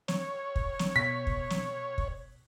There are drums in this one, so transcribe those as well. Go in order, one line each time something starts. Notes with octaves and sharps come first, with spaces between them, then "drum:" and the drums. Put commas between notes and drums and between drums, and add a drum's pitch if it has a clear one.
C#5, drum: snare
drum: kick
drum: snare
B2 B6
drum: kick
drum: snare
drum: kick